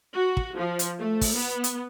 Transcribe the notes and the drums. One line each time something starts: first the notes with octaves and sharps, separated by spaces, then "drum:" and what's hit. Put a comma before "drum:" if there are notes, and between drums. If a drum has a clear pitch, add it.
F#4
drum: kick
F3
drum: hi-hat
A3
drum: kick, open hi-hat
B3
drum: hi-hat